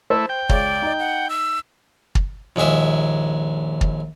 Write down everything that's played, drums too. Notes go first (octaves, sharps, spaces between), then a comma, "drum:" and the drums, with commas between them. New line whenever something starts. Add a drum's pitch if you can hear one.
A3 E4 C5
G5
C#2 C#5 D5, drum: kick
D#4 D#5
F#5
E6
drum: kick
A#1 D#2 G#3 G#4 E5
drum: kick